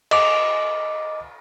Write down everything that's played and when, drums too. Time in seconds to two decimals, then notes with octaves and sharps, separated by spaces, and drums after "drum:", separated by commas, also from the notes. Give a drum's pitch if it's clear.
0.11 D#5 D6, drum: cymbal